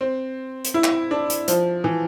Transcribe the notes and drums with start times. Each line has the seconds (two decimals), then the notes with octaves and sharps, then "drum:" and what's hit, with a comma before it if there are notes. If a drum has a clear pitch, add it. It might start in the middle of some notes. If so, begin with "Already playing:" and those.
0.01 C4
0.65 drum: hi-hat
0.74 E4
0.84 drum: clap
1.11 D4
1.30 drum: hi-hat
1.48 F3, drum: hi-hat
1.84 E3